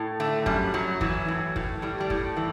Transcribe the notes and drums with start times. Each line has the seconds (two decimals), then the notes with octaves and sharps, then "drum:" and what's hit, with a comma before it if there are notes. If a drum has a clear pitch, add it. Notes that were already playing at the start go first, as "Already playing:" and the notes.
Already playing: A2
0.20 D3 A3
0.46 F#2 G3, drum: kick
0.74 F#2 F#3
1.01 E3 F#3, drum: kick
1.28 A2
1.56 A2, drum: kick
1.82 A2 G3
2.00 G3
2.10 A2, drum: kick
2.37 E3